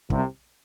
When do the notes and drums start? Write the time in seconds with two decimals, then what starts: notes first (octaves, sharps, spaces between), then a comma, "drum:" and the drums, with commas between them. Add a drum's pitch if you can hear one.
0.10 C2 C3, drum: kick